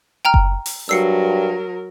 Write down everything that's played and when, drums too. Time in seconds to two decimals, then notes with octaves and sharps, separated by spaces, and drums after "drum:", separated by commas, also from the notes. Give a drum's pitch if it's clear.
0.25 G5 A#5 F6
0.34 drum: kick F#1
0.66 drum: open hi-hat
0.89 G2 F#3 A#4 E6 C7 C#7